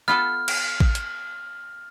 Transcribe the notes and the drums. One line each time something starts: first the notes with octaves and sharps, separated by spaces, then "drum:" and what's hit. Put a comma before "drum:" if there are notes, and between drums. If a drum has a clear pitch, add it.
B3 F4 A4 F6
drum: cymbal
drum: kick A1
drum: hi-hat